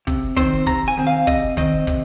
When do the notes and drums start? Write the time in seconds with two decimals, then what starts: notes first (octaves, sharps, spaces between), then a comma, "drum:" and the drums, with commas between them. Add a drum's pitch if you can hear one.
0.07 C3, drum: kick
0.37 D#3 C4 C5, drum: kick
0.66 C3 A#5, drum: kick
0.88 G#5
0.97 D#3 C4
1.07 F5
1.27 C3 D#5, drum: kick
1.57 D#3 C4 D#5, drum: kick
1.87 C3, drum: kick